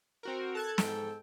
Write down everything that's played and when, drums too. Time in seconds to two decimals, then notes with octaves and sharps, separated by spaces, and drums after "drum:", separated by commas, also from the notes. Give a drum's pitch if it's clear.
0.23 C4 F#4 A#4
0.55 A4 A5 F#6 G#6
0.78 G#2 G5, drum: snare